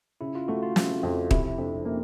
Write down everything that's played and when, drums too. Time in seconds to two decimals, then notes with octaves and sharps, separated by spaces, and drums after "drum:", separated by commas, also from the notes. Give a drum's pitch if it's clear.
0.21 C#3 E4
0.35 F4
0.48 A3 F#4
0.62 F4
0.76 C#3, drum: snare
1.03 F2
1.31 C3 E4, drum: kick
1.58 F2 D4
1.85 A#3 C#4